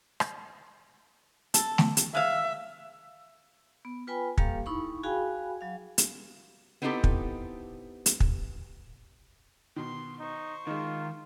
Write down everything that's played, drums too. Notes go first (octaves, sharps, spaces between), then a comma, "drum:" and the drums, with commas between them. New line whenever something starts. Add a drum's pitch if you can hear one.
drum: rim click
A4, drum: hi-hat
drum: snare A3
drum: hi-hat
G#3 E5 F5
B3
F4 B4 G5 G#5 B5
G3 A#3 G4 A4 F5, drum: kick
D#4 E4 B5 C#6
F#4 G#4 F5 G5 G#5 B5
F#3 F5
drum: hi-hat
B3 C4 D#4 E4 G4 A4
drum: kick
drum: hi-hat
drum: kick
B2 D#3 C6
D#4 C5 C#6
D#3 G#3 D#4 F4